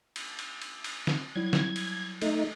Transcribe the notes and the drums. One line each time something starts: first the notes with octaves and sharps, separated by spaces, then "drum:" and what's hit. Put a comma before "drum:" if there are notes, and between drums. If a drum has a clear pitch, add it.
drum: cymbal
drum: cymbal
drum: cymbal
drum: cymbal
drum: snare
F#3 G3 E4 G#6
drum: snare
drum: cymbal
A3 D#4, drum: cymbal